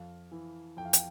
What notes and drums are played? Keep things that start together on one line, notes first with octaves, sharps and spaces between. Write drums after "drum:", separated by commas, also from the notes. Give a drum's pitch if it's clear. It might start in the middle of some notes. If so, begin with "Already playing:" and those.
Already playing: F2 F5
E3
F2 G5
F5
G5, drum: hi-hat